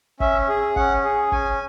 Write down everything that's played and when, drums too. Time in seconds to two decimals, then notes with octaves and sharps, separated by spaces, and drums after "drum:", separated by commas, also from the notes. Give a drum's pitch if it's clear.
0.20 C#4 E5, drum: kick
0.48 G#4
0.76 C#4 F#5, drum: kick
1.05 G#4
1.32 C#4 G#5, drum: kick